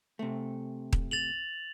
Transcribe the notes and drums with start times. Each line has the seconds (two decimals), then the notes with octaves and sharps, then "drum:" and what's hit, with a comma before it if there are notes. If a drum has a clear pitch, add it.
0.19 C3 A3
0.93 drum: kick D#1
1.11 A6 F7 F#7